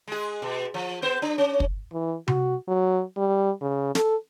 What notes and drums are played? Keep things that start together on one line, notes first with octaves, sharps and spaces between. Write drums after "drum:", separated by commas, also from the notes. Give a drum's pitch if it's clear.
G#3 G#4
B2
F3
B3 C5
D4
C#4
drum: kick
E3
F#4, drum: tom C3
F#3
G3
C#3
A4, drum: snare